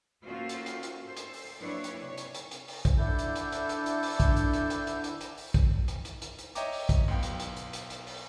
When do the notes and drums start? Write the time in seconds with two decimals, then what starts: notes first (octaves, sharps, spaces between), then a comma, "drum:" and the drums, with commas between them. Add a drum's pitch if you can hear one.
0.23 A#3 C#4 F4 F#4 A4 C5
0.49 drum: hi-hat
0.66 drum: hi-hat
0.83 drum: hi-hat
1.04 A4 C5
1.17 drum: hi-hat
1.33 drum: open hi-hat
1.59 F#3 A#3 D4 E4 B4 C#5
1.84 drum: hi-hat
2.02 C3 C#5
2.18 drum: hi-hat
2.34 drum: hi-hat
2.51 drum: hi-hat
2.68 drum: open hi-hat
2.85 drum: kick, hi-hat
2.97 D3 D4 E4 A4 G6
3.19 drum: hi-hat
3.35 drum: hi-hat
3.52 drum: hi-hat
3.69 drum: hi-hat
3.86 drum: hi-hat
4.03 drum: open hi-hat
4.20 drum: kick, hi-hat
4.37 drum: hi-hat
4.53 drum: hi-hat
4.70 drum: hi-hat
4.87 drum: hi-hat
5.04 drum: hi-hat
5.21 drum: hi-hat
5.38 drum: open hi-hat
5.54 drum: kick, hi-hat
5.88 drum: hi-hat
6.05 drum: hi-hat
6.22 drum: hi-hat
6.39 drum: hi-hat
6.55 C#5 D#5 E5 G5 A#5 D6, drum: hi-hat
6.72 drum: open hi-hat
6.89 drum: kick, hi-hat
7.08 B1 B3 G5
7.23 drum: hi-hat
7.40 drum: hi-hat
7.56 drum: hi-hat
7.73 drum: hi-hat
7.90 drum: hi-hat
8.07 drum: open hi-hat